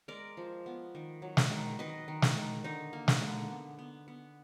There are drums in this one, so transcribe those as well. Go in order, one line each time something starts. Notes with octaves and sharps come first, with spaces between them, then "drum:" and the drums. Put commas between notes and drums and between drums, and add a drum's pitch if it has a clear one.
G#3 A#4 D5
F3
B3
D#3
F#3
drum: snare
D#3
D#3 B4 D#5
D#3
drum: snare
D#3
D3 D#4
A#3
drum: snare
D3
B3
B3
B3